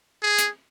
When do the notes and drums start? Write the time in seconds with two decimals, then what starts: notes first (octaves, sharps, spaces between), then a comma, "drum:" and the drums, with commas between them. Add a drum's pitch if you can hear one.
0.23 G#4
0.39 drum: hi-hat